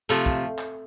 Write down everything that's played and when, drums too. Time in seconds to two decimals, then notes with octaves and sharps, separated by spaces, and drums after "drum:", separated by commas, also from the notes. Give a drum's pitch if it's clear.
0.09 C3 F3 A3 F4
0.26 drum: kick
0.59 drum: clap